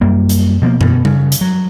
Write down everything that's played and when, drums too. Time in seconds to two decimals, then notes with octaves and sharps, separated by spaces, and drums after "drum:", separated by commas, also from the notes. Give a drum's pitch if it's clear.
0.01 F#2 G3 A#3
0.29 drum: hi-hat
0.62 B2 F3 F#3 A#3
0.81 B2, drum: tom F#2
1.05 C#3, drum: tom G3
1.32 drum: hi-hat
1.41 F#3